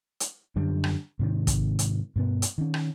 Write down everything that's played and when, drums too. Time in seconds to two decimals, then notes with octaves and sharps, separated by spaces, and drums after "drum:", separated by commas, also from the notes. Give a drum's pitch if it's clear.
0.20 drum: hi-hat
0.56 F#2 D3 G3
0.84 drum: rim click
1.19 G#2 C3 D#3
1.47 drum: kick, hi-hat
1.79 drum: hi-hat
2.16 G2 B2 B3
2.42 drum: hi-hat
2.58 D#3 C#4
2.74 drum: rim click